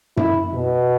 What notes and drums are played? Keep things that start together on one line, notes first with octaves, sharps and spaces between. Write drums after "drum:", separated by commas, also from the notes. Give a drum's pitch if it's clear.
E4, drum: tom F#2
B2